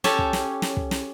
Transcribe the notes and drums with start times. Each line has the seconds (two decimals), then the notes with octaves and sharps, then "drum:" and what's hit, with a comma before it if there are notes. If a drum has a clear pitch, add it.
0.04 C#4 G4 A4 C#5 G#5 A5, drum: snare
0.19 drum: kick
0.33 drum: snare
0.62 drum: snare
0.77 drum: kick
0.91 drum: snare